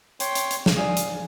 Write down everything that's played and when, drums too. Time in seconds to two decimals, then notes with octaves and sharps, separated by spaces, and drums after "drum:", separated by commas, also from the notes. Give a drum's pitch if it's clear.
0.20 C#5 G5 C6, drum: hi-hat
0.35 drum: hi-hat
0.51 drum: hi-hat
0.66 drum: snare
0.77 D5 F5 G#5 D#6
0.97 drum: hi-hat